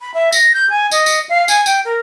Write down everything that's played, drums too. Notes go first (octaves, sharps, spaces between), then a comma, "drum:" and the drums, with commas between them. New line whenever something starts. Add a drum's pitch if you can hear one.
B5
E5
A#6, drum: tambourine
G6
G#5
D#5, drum: tambourine
drum: tambourine
F5
G#5, drum: tambourine
G5, drum: tambourine
A#4